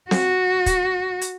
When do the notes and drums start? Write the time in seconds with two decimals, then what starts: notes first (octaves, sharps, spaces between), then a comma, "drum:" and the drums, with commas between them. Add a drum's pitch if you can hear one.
0.11 F#4, drum: snare C4
0.66 drum: kick, hi-hat
1.21 drum: hi-hat